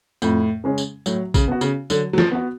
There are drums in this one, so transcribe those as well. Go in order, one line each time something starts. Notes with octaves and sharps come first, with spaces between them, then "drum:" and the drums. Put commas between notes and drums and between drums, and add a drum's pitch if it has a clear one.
F2 A2, drum: tambourine
C#3 G#3 C#4
drum: tambourine
A2 F#3, drum: tambourine
C#3, drum: kick, tambourine
B3 F#4
C#3, drum: tambourine
D3 F#3, drum: tambourine
F#3
F3, drum: snare
B3 F#4